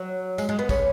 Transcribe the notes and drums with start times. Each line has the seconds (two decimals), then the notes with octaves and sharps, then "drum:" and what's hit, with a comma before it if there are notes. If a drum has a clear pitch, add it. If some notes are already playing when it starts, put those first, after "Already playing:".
Already playing: F#3
0.38 G#3, drum: tambourine
0.49 G#3
0.59 B3
0.69 C#4, drum: kick, tambourine